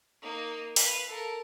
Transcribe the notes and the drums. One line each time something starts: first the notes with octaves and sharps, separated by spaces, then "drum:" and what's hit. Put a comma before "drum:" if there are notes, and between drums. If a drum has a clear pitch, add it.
A#3 D#4
B4 F5, drum: open hi-hat
A4 A#4